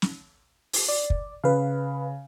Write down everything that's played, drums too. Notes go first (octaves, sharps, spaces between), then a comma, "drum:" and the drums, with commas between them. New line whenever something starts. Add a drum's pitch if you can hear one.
drum: snare
drum: open hi-hat
D5
drum: kick
C#3 B4 F5